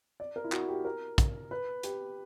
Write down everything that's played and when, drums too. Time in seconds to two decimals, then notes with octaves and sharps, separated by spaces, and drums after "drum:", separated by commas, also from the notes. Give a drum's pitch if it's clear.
0.20 D5
0.36 A#4
0.44 E4
0.52 F#4, drum: clap
0.69 G4
0.85 A#4
1.18 drum: kick, hi-hat
1.51 B4
1.83 G4, drum: hi-hat